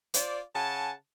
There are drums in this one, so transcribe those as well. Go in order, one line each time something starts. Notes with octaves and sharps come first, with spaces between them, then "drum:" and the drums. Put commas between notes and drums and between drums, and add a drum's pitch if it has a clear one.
F4 C5 D5, drum: hi-hat
C#3 F#5 G#5 A5